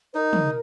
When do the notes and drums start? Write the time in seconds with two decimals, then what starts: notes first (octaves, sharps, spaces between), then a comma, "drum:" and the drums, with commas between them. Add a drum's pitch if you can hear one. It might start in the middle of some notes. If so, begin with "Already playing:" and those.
0.11 C5
0.15 D#4 A#4
0.33 drum: tom